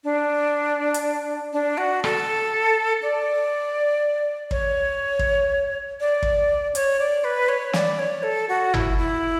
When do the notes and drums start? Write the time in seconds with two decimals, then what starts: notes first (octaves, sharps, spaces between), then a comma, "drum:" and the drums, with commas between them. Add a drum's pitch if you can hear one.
0.04 D4
0.94 drum: hi-hat
1.53 D4
1.78 F#4
2.04 A4, drum: rim click
3.02 D5
4.51 C#5, drum: kick
5.19 drum: kick
6.00 D5
6.22 drum: kick
6.75 C#5, drum: hi-hat
6.99 D5
7.24 B4
7.49 C#5
7.73 D5, drum: snare
7.99 C#5
8.23 A4
8.49 F#4
8.74 E4, drum: tom G1
8.98 E4